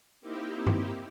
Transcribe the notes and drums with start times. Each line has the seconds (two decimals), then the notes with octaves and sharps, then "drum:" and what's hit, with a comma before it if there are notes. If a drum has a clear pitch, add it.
0.21 A#3 C4 D#4 E4 G4
0.67 drum: tom G2